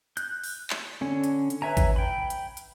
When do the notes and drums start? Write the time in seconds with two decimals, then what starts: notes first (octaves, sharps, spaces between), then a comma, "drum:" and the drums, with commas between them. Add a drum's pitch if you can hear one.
0.17 F#6 G6, drum: hi-hat
0.44 drum: open hi-hat
0.70 drum: clap
1.01 D3 C#4
1.24 drum: hi-hat
1.50 drum: hi-hat
1.62 B4 C#5 E5 G#5 A#5
1.77 drum: kick A1, hi-hat
1.96 G5 B5
2.30 drum: hi-hat
2.57 drum: hi-hat